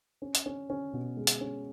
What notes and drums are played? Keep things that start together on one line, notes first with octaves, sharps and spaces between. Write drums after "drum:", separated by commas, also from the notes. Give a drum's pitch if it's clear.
C#4
drum: hi-hat
C#4
C#4
B2
G#3
drum: hi-hat
C#4